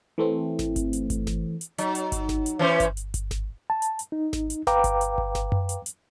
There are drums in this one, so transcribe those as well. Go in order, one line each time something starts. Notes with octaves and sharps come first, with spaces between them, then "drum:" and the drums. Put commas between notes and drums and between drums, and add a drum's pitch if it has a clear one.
E3 A3 C4
drum: snare G#1
drum: kick G1, hi-hat
drum: hi-hat
drum: kick G1, hi-hat
drum: snare G#1
drum: hi-hat
F#3 D#4, drum: hi-hat
drum: hi-hat
drum: kick G1, hi-hat
drum: snare G#1
drum: hi-hat
E3 C#4 C5
drum: kick G1, hi-hat
drum: hi-hat
drum: kick G1, hi-hat
drum: snare G#1
A5
drum: hi-hat
drum: hi-hat
D#4
drum: snare G#1
drum: hi-hat
B4 F5 G5 A#5 D6, drum: snare G#1
drum: kick G1, hi-hat
drum: hi-hat
drum: kick G1
drum: snare G#1
drum: tom F#2
drum: hi-hat
drum: hi-hat